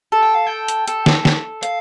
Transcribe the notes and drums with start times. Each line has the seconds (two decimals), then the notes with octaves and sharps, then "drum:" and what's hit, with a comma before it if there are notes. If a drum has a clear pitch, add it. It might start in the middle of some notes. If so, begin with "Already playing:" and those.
0.12 A4
0.23 G5
0.34 F5
0.46 G5
0.68 drum: hi-hat
0.88 A4, drum: hi-hat
1.06 drum: snare
1.25 drum: snare
1.63 F5, drum: hi-hat